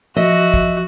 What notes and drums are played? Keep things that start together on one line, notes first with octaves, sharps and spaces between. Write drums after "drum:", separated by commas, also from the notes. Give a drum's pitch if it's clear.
F3 F#4 D#5 E5
drum: kick